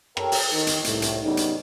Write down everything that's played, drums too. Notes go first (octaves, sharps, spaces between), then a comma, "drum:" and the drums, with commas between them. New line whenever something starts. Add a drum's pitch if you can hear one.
G4 A4 A#4 C#5 G5, drum: rim click
drum: open hi-hat
D#3
drum: hi-hat
C2 A2, drum: hi-hat
drum: hi-hat
C#3 G3 B3 C#4 D#4
drum: hi-hat